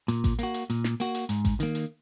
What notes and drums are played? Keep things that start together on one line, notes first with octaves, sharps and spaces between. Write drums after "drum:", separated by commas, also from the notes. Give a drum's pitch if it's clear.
A#2, drum: hi-hat
drum: kick A1, hi-hat
A#3 F#4, drum: hi-hat
drum: hi-hat
A#2, drum: hi-hat
drum: snare
A#3 F#4, drum: hi-hat
drum: hi-hat
G#2, drum: hi-hat
drum: kick A1, hi-hat
D#3 A#3, drum: hi-hat
drum: hi-hat